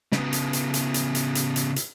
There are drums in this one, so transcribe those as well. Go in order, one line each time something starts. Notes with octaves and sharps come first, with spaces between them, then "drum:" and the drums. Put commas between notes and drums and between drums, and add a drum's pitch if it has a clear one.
C#3 B3, drum: snare
drum: hi-hat
drum: hi-hat
drum: hi-hat
drum: hi-hat
drum: hi-hat
drum: hi-hat
drum: hi-hat
drum: hi-hat